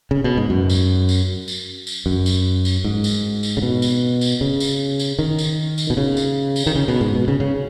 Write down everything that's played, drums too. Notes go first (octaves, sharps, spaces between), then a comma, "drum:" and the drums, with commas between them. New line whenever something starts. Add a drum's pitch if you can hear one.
C#3
B2
G#2
F#2
drum: tambourine
drum: tambourine
drum: tambourine
drum: tambourine
F#2
drum: tambourine
drum: tambourine
G#2
drum: tambourine
drum: tambourine
C#3
B2
drum: tambourine
drum: tambourine
C#3
drum: tambourine
drum: tambourine
D#3
drum: tambourine
drum: tambourine
B2
C#3
drum: tambourine
drum: tambourine
D#3
C#3
B2
G#2
B2
C#3
C#3